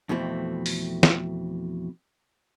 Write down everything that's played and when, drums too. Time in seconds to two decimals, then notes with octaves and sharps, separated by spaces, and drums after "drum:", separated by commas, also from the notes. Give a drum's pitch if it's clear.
0.09 F2 B2 E3 A3 C4
0.66 drum: open hi-hat
1.03 drum: snare